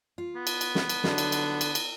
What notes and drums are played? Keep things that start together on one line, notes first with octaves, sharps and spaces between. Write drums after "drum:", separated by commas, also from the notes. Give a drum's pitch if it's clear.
F4
B3
drum: cymbal
drum: cymbal
drum: snare
drum: cymbal
D3 F#3 G3 D#4, drum: snare
drum: cymbal
drum: cymbal
drum: cymbal
drum: cymbal